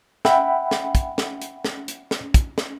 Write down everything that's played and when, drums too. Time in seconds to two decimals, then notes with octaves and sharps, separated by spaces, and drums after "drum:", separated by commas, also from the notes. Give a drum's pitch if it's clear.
0.25 E5 F#5 G5 B5, drum: snare
0.71 drum: snare
0.95 drum: kick, hi-hat
1.18 drum: snare
1.41 drum: hi-hat
1.65 drum: snare
1.88 drum: hi-hat
2.11 drum: snare
2.34 drum: kick, hi-hat
2.58 drum: snare